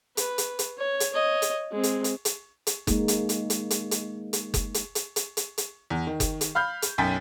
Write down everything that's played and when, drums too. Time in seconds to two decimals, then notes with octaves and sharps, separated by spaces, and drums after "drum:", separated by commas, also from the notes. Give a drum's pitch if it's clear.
0.17 B4, drum: hi-hat
0.38 drum: hi-hat
0.59 drum: hi-hat
0.78 C#5
1.00 drum: hi-hat
1.13 C#5 D#5
1.42 drum: hi-hat
1.71 G#3 C4
1.83 drum: hi-hat
2.04 drum: hi-hat
2.25 drum: hi-hat
2.67 drum: hi-hat
2.87 G#3 A#3 D#4, drum: kick F#1, hi-hat
3.08 drum: hi-hat
3.29 drum: hi-hat
3.50 drum: hi-hat
3.71 drum: hi-hat
3.91 drum: hi-hat
4.33 drum: hi-hat
4.54 drum: kick F#1, hi-hat
4.74 drum: hi-hat
4.95 drum: hi-hat
5.16 drum: hi-hat
5.37 drum: hi-hat
5.58 drum: hi-hat
5.90 E2
6.07 D#3
6.20 drum: kick F#1, hi-hat
6.41 drum: hi-hat
6.55 F5 B5 F6 G6
6.82 drum: hi-hat
6.98 B1 F#2 G5 G#5 A6 B6